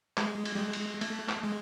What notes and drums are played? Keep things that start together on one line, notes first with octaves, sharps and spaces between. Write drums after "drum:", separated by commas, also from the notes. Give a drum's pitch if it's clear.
G#3, drum: clap
drum: cymbal
G3
G#3
drum: cymbal
A3, drum: cymbal
drum: clap
G#3